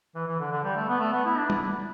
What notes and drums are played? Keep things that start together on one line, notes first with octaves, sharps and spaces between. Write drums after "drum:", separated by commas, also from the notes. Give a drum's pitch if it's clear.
E3
E3
D3
D3
G3
A3
B3
A3
B3
E4
D4
E4, drum: tom G3